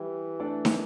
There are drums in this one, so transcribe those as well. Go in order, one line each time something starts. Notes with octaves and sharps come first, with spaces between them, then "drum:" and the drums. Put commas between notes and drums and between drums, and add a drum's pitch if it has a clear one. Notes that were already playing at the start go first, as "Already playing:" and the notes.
Already playing: E3 G3 E4 G4
A3 D4 A4 D5
drum: snare